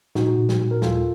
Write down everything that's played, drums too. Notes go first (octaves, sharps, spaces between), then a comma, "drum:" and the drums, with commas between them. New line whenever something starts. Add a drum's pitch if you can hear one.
A#2 D#4 F#4, drum: snare
A#2
drum: snare
A#2
A#4
D#2 F4 A4, drum: snare